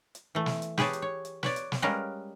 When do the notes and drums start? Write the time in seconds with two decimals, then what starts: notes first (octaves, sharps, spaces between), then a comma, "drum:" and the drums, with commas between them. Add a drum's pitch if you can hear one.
0.15 drum: hi-hat
0.35 E3 A3
0.46 drum: snare
0.62 drum: hi-hat
0.78 G4 G#4 B4 C#5 A5, drum: snare
0.93 drum: hi-hat
1.02 C#5
1.25 drum: hi-hat
1.43 B4 C#5 D5, drum: snare
1.56 drum: hi-hat
1.72 drum: snare
1.82 G3 G#3 C#4 A#4 B4 F5